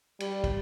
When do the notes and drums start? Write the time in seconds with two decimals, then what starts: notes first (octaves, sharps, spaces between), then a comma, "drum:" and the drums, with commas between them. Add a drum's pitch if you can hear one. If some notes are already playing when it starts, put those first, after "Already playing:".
0.20 G3, drum: cymbal
0.44 drum: kick, cymbal